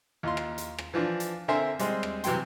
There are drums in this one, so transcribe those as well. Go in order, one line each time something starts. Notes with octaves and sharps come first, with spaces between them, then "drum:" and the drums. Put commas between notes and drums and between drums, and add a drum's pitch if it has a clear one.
D#2 F4 C6
drum: rim click
drum: hi-hat
drum: rim click
E3 F3 D4
drum: hi-hat
D3 C4 A#4 E5 G#5 C6
G3 G#3 C4, drum: hi-hat
drum: rim click
C3 E3 F#3 G5 C6, drum: hi-hat